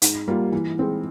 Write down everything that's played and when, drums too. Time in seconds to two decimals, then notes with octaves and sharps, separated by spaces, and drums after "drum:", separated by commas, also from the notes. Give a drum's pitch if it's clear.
0.02 G#2, drum: hi-hat
0.28 G3 A#3 F4
0.52 E3
0.79 G#3 C4